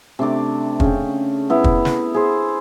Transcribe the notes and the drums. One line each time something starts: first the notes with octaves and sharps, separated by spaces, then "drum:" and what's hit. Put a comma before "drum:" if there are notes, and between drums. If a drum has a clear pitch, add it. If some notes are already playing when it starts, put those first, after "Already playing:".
C3 A3 D4 D6
C#3 G5, drum: kick
B3 E4
drum: kick
drum: snare
G#4 C5